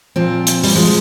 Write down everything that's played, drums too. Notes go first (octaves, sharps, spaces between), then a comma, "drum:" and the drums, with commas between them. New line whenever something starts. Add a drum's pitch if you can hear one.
A#2 F3 C4
drum: hi-hat
G3, drum: open hi-hat
A#2 F3 G#3